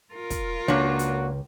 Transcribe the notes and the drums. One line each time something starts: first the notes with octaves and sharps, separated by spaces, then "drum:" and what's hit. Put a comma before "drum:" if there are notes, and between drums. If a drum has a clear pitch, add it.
F4 A#4
drum: kick, hi-hat
C#2 A#3 D4 F#4 C#5
drum: hi-hat